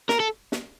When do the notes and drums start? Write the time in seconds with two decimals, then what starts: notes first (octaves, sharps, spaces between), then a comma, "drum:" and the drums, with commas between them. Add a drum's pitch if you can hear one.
0.09 A#4, drum: snare
0.20 A4
0.52 drum: snare